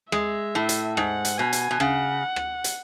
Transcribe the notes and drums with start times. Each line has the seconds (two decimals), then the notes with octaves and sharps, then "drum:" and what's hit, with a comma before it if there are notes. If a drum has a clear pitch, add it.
0.12 G#3 E5, drum: rim click
0.55 A2
0.69 drum: hi-hat
0.97 G#2 F#5, drum: rim click
1.25 drum: hi-hat
1.38 B2 G#5
1.53 drum: hi-hat
1.71 B2
1.80 C#3 F#5, drum: rim click
2.36 drum: rim click
2.64 drum: hi-hat